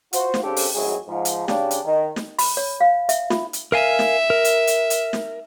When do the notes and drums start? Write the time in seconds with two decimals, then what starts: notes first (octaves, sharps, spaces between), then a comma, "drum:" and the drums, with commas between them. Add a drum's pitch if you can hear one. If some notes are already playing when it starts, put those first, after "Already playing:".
0.13 F4 F#4 C5, drum: hi-hat
0.34 drum: snare
0.43 C#3 C4 D4 G4 A4
0.56 drum: open hi-hat
0.75 G#1 F#2 A2 D#3 F#3 G#4
1.08 G#2 F3
1.25 drum: hi-hat
1.48 C#3 D4 G4, drum: snare
1.71 drum: hi-hat
1.85 D#3
2.16 drum: snare
2.39 B5, drum: open hi-hat
2.57 C#5
2.81 F5
3.09 E5, drum: hi-hat
3.30 F4, drum: snare
3.53 drum: hi-hat
3.72 A#4 E5 F5 G#5
3.99 drum: snare
4.30 A#4
4.45 drum: hi-hat
4.67 drum: hi-hat
4.90 drum: hi-hat
5.13 drum: snare